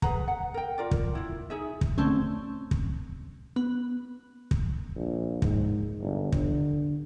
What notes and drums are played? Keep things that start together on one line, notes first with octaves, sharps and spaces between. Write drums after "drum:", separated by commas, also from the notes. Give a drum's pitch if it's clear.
G#4 B4 F#5 A#5, drum: kick
F#5
A#4 G5
F4 A#4 D5
drum: kick
E4 F4
D#4 G#4 E5
drum: kick
D3 A3 C4 C#4
drum: kick
B3
drum: kick
A#1
G#2, drum: kick
G1
D3, drum: kick